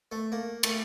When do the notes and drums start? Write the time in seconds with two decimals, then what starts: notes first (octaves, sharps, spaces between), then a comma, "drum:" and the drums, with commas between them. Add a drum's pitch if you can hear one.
0.12 A3
0.32 A#3
0.63 A3, drum: cymbal